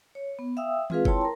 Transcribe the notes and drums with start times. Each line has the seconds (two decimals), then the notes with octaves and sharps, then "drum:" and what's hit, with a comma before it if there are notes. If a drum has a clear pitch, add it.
0.15 C#5
0.39 B3
0.57 E5 F5 G5 D#6 E6
0.90 G#3 C4 F4 G#4 B4 F5, drum: tom D#3
1.05 E4 C#5 G5 A5 C6, drum: kick F#1
1.21 A#4 A#5